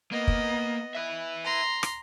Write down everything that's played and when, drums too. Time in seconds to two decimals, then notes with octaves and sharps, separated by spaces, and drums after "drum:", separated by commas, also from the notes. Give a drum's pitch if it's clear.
0.12 A#3 B3 D#5
0.27 drum: kick
0.95 B4 E5
1.44 A#5 C6
1.83 drum: rim click